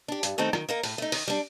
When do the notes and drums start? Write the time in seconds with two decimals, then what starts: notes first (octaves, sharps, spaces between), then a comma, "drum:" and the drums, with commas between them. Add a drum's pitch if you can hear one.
0.08 D4 G4
0.23 G2, drum: hi-hat
0.38 D#3 A3 C4 D#4
0.53 D#3, drum: rim click
0.69 A#3 D#4 A#4
0.83 A2, drum: open hi-hat
0.98 A3 D#4
1.12 D#3, drum: open hi-hat
1.28 G3 D4